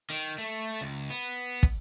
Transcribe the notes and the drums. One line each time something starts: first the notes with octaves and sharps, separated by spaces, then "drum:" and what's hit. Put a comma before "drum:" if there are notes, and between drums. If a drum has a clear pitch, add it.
D#3
A3
C#2
B3
drum: kick